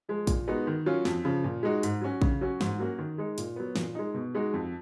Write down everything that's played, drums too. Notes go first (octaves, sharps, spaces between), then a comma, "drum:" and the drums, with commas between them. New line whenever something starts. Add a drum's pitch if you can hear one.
F3 G#3
A#2, drum: kick, hi-hat
G#3 B3 D#4 F#4
D#3
F#3 C#4 F4
F2, drum: snare
C#3 F3
A#2
G#3 D#4 F#4
G#2, drum: hi-hat
F#3 C#4 F#4
C#3, drum: kick
F#3 C#4 F#4
G#2, drum: snare
F#3 A#3 C#4 F#4
D#3
G#3 D#4
A#2, drum: hi-hat
F#3 B3
A#2, drum: snare
G#3 D#4
B2
G#3 D#4 F#4
F2